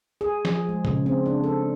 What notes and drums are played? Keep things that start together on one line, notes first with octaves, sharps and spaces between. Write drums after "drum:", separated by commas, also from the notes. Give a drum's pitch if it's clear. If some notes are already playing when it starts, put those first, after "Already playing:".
G#4
F3, drum: snare
G#3
C#3, drum: tom A#2
C4
D4
A4